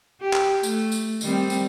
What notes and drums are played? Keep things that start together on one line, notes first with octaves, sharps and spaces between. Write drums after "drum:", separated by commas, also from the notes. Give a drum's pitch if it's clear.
G4
drum: clap
A3, drum: tambourine
drum: tambourine
D#3 G3 C4, drum: tambourine
drum: tambourine